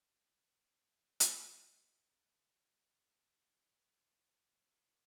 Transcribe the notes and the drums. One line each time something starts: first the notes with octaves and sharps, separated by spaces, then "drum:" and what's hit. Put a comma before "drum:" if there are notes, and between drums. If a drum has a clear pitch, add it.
D4
C#4
G4
G#4
drum: hi-hat
G4
F#4
A4
G#4
G4
A4